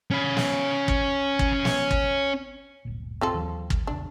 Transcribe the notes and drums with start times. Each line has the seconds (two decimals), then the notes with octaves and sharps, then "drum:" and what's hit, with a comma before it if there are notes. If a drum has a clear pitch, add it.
0.11 C#4 B5
0.37 drum: snare
0.88 drum: kick
1.39 drum: kick
1.65 drum: snare
1.91 drum: kick
2.85 D1 G1 A#2
3.21 C4 F4 A4
3.34 D#2 E3 F#3
3.70 drum: kick
3.87 A#1 E2 C#3 D4